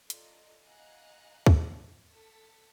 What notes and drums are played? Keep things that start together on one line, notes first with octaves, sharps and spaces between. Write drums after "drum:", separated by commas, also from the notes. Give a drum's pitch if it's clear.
F4 A4 D5 D#5 A#5, drum: hi-hat
D#5 F5 F#5 G#5 A#5 F#6
drum: kick
A4 A5 B6